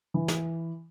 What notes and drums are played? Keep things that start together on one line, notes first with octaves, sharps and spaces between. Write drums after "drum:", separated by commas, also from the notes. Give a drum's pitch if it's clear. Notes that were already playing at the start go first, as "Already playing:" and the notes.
E3
drum: snare